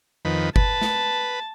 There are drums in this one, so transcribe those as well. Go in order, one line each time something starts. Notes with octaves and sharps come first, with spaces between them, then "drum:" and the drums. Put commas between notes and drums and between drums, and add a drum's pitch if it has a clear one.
F2 D#3 B4
B4 A5, drum: kick G1
drum: snare